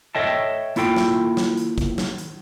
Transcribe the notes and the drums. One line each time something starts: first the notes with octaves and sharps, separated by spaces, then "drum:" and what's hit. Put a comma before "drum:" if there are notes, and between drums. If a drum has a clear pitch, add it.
A4 C#5 D#5 E5 G5 A5
A#3 E4 F4 A4 G5, drum: hi-hat
drum: snare
drum: snare
drum: hi-hat
drum: kick, hi-hat
drum: snare
drum: hi-hat